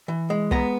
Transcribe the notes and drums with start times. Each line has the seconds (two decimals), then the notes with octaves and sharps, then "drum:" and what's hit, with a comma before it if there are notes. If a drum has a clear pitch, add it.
0.08 E3
0.30 G#3
0.51 B3 A#5, drum: kick